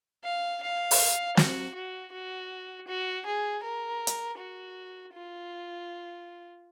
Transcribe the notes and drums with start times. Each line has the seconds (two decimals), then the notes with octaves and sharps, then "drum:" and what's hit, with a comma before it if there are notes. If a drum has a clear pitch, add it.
0.24 F5
0.62 F5
0.91 drum: open hi-hat
1.37 F#4, drum: snare
1.74 F#4
2.12 F#4
2.87 F#4
3.25 G#4
3.63 A#4
4.07 drum: hi-hat
4.38 F#4
5.14 F4